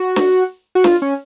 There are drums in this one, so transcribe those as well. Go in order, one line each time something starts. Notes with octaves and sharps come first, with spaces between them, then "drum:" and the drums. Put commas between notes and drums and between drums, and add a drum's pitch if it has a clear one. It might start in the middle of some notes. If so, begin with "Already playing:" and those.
Already playing: F#4
drum: snare
F#4
F4, drum: snare
C#4